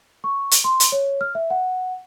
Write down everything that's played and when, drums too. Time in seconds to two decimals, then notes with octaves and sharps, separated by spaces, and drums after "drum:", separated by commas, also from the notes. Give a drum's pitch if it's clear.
0.24 C#6
0.51 drum: hi-hat
0.64 C6
0.80 drum: hi-hat
0.92 C#5
1.21 F6
1.35 E5
1.50 F#5